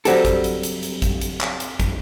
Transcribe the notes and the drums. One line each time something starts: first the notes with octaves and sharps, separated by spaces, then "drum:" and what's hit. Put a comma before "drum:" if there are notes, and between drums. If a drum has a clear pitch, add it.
F#3 G3 C4 G4 A4, drum: hi-hat
drum: kick, hi-hat
drum: hi-hat
drum: hi-hat
drum: hi-hat
drum: kick, hi-hat
drum: hi-hat
drum: clap
drum: hi-hat
drum: kick, hi-hat